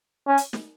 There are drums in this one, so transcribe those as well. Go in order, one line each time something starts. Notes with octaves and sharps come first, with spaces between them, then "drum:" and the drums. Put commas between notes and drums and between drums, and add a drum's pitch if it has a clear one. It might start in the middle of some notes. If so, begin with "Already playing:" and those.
C#4
drum: hi-hat
drum: snare